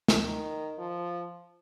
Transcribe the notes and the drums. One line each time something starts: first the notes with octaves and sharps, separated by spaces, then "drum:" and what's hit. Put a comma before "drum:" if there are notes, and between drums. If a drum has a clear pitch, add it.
drum: snare
D#3
F3